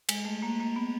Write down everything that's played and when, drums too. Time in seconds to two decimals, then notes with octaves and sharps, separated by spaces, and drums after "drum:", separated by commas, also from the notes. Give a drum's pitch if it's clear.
0.09 G#3, drum: cymbal
0.25 A3
0.42 A#3
0.60 A#3
0.76 B3